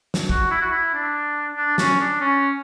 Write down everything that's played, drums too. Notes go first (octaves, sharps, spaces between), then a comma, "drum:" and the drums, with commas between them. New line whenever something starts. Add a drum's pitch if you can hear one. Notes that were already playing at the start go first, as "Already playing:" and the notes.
drum: snare
F#4, drum: kick
E4
F#4
E4
D4
D4
C#4, drum: snare
D4
C#4